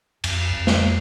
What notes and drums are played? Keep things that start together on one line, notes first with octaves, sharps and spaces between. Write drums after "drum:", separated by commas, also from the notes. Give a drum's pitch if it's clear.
F2, drum: cymbal
F2
drum: snare
B3